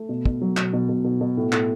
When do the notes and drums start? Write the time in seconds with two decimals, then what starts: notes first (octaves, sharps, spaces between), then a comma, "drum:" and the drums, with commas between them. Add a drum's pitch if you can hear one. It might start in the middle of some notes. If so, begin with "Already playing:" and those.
Already playing: A3
0.09 B2
0.26 B2, drum: kick
0.41 F#3
0.57 B2, drum: clap
0.73 B2
0.89 B2
1.04 B2
1.21 B2
1.37 A2
1.52 A2, drum: clap